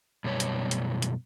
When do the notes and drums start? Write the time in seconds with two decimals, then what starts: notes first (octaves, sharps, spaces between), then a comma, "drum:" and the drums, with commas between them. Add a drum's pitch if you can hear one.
0.24 F#2 B2 G3 C#5
0.40 drum: hi-hat
0.71 drum: hi-hat
1.02 drum: hi-hat